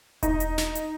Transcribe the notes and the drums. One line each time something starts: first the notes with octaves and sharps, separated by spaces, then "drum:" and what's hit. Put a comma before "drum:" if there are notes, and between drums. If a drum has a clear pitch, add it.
D#4, drum: kick E1, hi-hat
drum: hi-hat
drum: snare
drum: hi-hat